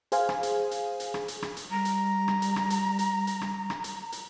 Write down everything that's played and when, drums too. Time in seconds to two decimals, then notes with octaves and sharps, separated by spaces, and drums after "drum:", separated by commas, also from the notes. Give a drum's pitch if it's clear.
0.12 G#4 C5 F5 G#5, drum: hi-hat
0.29 drum: rim click
0.43 drum: hi-hat
0.71 drum: hi-hat
1.00 drum: hi-hat
1.14 drum: rim click
1.28 drum: hi-hat
1.42 drum: rim click
1.57 drum: hi-hat
1.71 G3 A#5
1.85 drum: hi-hat
2.28 drum: rim click
2.42 drum: hi-hat
2.56 drum: rim click
2.70 drum: hi-hat
2.99 drum: hi-hat
3.27 drum: hi-hat
3.41 drum: rim click
3.70 drum: rim click
3.84 drum: hi-hat
4.12 drum: hi-hat